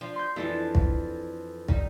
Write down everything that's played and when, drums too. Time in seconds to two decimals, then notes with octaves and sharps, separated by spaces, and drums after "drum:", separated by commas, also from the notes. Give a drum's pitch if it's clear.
0.01 F3 D4 F4
0.16 C6 G6
0.36 F2 E3 D4 E4 A4 A5
0.75 drum: kick
1.68 G3 D#4, drum: kick